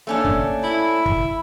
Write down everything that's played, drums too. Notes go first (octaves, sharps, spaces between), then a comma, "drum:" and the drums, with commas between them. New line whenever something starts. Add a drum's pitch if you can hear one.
A3 A#3 C#4 D4
drum: kick
E4 B5
drum: kick